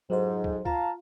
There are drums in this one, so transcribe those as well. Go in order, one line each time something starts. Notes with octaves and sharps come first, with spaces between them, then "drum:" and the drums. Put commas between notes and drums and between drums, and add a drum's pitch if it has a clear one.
F2 G#2 F#3 C5
drum: kick
F4 F5 A5 A#5, drum: kick